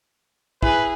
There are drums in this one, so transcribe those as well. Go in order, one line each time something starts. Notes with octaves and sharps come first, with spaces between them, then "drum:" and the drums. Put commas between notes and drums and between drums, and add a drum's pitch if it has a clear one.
E4 G#4 B4, drum: kick